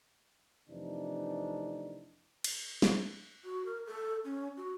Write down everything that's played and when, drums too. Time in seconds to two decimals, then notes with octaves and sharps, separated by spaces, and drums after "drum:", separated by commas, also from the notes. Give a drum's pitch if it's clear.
0.69 F2 C3 E3 A3 D4 D#4
2.44 drum: cymbal
2.82 drum: snare
3.44 F#4
3.66 A#4
3.86 A4
4.24 C#4
4.57 F#4